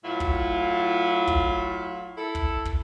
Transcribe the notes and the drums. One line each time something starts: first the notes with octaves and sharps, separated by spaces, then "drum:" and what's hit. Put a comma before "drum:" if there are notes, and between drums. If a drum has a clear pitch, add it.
A2 F#3 E4 F4
drum: kick
drum: kick
E4 A4
drum: kick
drum: kick